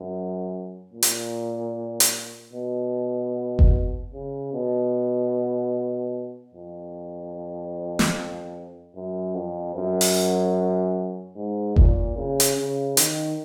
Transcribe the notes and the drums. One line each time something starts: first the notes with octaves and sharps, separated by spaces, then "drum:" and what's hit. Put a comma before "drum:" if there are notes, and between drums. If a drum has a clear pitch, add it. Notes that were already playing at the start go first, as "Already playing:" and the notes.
Already playing: F#2
A#2
drum: hi-hat
drum: hi-hat
B2
drum: kick F#1
C#3
B2
F2
drum: snare
F#2
F2
F#2
drum: open hi-hat
G#2
A#2, drum: kick F#1
C#3
drum: hi-hat
C#3
D#3, drum: hi-hat